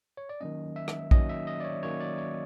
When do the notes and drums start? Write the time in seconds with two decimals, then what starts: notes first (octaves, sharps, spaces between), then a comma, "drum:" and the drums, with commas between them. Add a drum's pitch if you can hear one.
0.17 C#5
0.29 D5
0.41 D#3 F#3 A#3 C#4 D#5
0.76 E5
0.88 drum: rim click
1.11 D#3 F#3 A#3 C#4 D#5, drum: kick A#1
1.29 E5
1.47 D#5
1.60 D5
1.64 C#5
1.82 D#3 F#3 A#3 C#4 C#5
2.01 D5
2.18 C#5